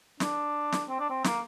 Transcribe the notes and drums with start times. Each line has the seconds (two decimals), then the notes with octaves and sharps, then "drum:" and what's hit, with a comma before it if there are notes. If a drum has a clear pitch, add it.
0.20 D4, drum: snare
0.72 drum: snare
0.89 C4
1.00 D4
1.10 C4
1.24 A#3, drum: snare